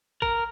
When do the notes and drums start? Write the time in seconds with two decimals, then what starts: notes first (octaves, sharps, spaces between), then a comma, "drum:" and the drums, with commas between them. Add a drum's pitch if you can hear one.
0.22 A#4, drum: kick